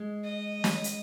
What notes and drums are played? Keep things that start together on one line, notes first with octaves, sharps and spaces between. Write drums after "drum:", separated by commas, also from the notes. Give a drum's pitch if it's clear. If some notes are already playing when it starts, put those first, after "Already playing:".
Already playing: G#3
D#5
drum: snare
drum: hi-hat